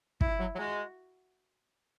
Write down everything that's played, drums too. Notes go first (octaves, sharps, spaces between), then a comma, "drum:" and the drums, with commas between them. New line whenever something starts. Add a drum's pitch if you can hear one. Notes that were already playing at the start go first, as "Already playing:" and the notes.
E4, drum: kick
F#3
F#3
G#3 F#4